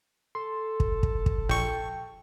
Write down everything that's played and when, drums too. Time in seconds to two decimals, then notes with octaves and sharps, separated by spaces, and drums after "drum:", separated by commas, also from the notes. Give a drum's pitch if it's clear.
0.35 A4 C6
0.80 drum: kick
1.03 drum: kick
1.26 drum: kick
1.49 A#1 G5 C#6 G6